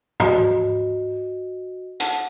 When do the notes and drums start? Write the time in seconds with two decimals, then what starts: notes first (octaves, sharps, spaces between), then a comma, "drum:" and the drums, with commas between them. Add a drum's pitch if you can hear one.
0.20 F#4 D#5, drum: tom G#2
2.00 F#5 A5, drum: hi-hat